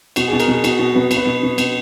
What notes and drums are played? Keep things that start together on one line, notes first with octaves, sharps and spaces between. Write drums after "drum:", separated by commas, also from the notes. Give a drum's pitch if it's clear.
B2 F#4, drum: cymbal
B2 G#4
A#4, drum: cymbal
B2 G#4
B2 F#4, drum: cymbal
B2 F#4
B2 B4
B2, drum: cymbal
B4
B2
B2
B2, drum: cymbal